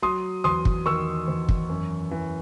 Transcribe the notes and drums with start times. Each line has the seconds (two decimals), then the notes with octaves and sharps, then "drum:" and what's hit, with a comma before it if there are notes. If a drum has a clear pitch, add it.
0.02 F#3 C6 D#6
0.44 E2 C6 D#6
0.65 drum: kick
0.86 D#3 C#6 E6
1.28 E2
1.49 drum: kick
1.69 F#2
2.11 E3